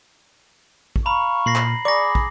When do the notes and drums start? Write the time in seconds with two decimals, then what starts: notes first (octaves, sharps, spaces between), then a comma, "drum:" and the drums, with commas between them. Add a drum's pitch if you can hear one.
0.96 drum: kick
1.06 F5 A#5 B5 C#6
1.46 A#2 A#6 C7 F#7
1.55 drum: clap
1.85 G#4 D5 A#5 B5 C#6 D6 A#6
2.15 drum: kick